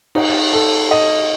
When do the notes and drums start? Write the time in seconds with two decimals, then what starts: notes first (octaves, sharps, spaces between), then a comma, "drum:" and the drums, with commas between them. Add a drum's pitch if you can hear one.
0.15 D#4, drum: cymbal
0.53 A4
0.91 D#5